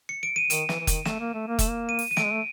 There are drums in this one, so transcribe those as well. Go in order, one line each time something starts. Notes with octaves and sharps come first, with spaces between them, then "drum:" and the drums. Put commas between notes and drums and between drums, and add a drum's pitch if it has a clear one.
C#7
D7
D#7
D#3 E7, drum: hi-hat
E3, drum: snare
E3
D#3, drum: kick F1, hi-hat
A3 E7, drum: snare
A#3
A3
A#3
A3 E7, drum: kick F1, hi-hat
A#3
D#7
drum: open hi-hat
D#7
A3 D7, drum: snare
G#3
A3